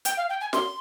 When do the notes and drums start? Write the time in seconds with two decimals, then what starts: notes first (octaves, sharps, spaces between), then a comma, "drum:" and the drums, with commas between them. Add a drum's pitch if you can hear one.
0.05 G5, drum: hi-hat
0.17 F5
0.29 G5
0.40 G#5
0.53 C6, drum: snare